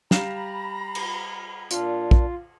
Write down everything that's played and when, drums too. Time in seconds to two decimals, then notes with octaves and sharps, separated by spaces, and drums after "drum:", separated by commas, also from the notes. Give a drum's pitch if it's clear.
0.11 G3 F5 A#5 B5 E7, drum: snare
0.95 drum: cymbal
1.71 A#2 D4 F4, drum: hi-hat
2.11 drum: kick A#1